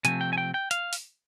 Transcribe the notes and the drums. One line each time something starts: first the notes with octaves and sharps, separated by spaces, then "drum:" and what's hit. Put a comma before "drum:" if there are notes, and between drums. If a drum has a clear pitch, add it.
C3 F3 A3 C4 G#5, drum: hi-hat
G5
G#5
G5
G5
F5, drum: hi-hat
drum: open hi-hat